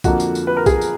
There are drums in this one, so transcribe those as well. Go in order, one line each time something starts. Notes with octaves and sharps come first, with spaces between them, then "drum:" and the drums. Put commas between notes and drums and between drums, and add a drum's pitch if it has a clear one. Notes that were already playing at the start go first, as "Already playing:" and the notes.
F2 D3 F3 A#3 F#4, drum: kick, tambourine
drum: tambourine
drum: tambourine
B4
A#4
G#4, drum: kick, tambourine
drum: tambourine